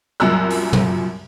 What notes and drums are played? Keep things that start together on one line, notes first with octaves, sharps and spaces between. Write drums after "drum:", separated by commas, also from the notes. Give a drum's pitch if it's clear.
C2 F#2 A#2 A#5 E6 F#6
drum: open hi-hat
drum: tom